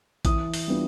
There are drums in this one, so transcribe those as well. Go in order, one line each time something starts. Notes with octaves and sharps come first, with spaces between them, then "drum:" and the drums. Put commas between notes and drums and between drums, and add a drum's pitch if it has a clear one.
E3 D#6, drum: kick, hi-hat
drum: open hi-hat
G3 B3 D4 F4